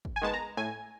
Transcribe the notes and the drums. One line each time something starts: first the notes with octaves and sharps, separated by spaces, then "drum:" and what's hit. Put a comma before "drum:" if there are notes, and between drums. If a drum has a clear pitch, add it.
drum: kick
G#5
D#3 G#3 B3 A5
A#5
A2 G#5